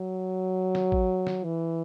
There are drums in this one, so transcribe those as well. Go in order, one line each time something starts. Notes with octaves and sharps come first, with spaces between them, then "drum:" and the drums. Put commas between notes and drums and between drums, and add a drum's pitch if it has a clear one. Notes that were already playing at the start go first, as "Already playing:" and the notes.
Already playing: F#3
drum: snare
drum: kick G#1
drum: snare
E3